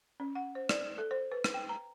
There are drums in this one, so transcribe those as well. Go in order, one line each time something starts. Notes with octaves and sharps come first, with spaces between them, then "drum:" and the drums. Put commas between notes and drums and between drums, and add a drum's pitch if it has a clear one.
C#4
F#5
C5
D5, drum: rim click
A4
C5
B4
drum: rim click
G5
A#5